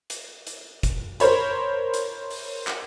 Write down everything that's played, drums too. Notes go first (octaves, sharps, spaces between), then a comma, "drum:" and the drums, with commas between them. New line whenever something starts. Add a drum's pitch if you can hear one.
drum: hi-hat
drum: hi-hat
drum: kick, hi-hat
A#4 C5 C#5 B5, drum: hi-hat
drum: hi-hat
drum: open hi-hat
drum: clap